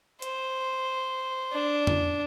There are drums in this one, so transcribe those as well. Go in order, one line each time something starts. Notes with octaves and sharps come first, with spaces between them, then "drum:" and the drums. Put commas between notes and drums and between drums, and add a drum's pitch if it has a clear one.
C5, drum: hi-hat
D4
drum: tom F2